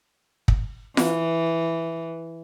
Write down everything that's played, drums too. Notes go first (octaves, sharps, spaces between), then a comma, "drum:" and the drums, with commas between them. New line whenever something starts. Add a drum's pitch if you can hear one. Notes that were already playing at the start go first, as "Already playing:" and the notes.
drum: kick
E3, drum: snare F4